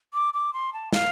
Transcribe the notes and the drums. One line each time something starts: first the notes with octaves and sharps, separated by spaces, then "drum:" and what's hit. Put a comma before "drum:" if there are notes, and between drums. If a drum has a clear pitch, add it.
D6
D6
C6
A5
F5, drum: snare